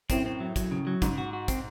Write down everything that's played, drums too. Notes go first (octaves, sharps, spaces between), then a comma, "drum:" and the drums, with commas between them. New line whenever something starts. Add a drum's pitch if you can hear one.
F#2 A2 C4, drum: kick, hi-hat
C4
F#3
F#3, drum: kick, hi-hat
C#3
F#3
G#2 C#3, drum: kick, hi-hat
F#4
F#4
C4, drum: kick, hi-hat